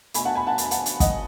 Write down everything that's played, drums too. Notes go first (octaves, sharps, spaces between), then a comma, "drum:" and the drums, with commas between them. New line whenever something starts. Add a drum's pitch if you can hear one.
B2 A3 G#5 B5, drum: hi-hat
F#5 A5
G#5 B5
F#5 A5
A5, drum: hi-hat
B5
F#5 A5, drum: hi-hat
drum: hi-hat
D#5 F#5, drum: kick, hi-hat